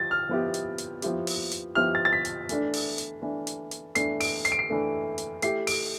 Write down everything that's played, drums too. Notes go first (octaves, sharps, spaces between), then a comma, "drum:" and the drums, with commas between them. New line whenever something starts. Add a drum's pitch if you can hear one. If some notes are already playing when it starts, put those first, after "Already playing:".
Already playing: F3 G4 A6
F6
F3 B3 E4 G4
drum: hi-hat
drum: hi-hat
F3 B3 E4 G4, drum: hi-hat
drum: open hi-hat
drum: hi-hat
F3 B3 E4 G4 F6
A6
A6
B6
drum: hi-hat
E3 A3 D4, drum: hi-hat
drum: open hi-hat
drum: hi-hat
E3 A3 D4
drum: hi-hat
drum: hi-hat
E3 A3 D4 C7, drum: hi-hat
D7, drum: open hi-hat
C7, drum: hi-hat
D7
C7
E3 A3 D4
drum: hi-hat
A3 E4 G4 C7, drum: hi-hat
D7, drum: open hi-hat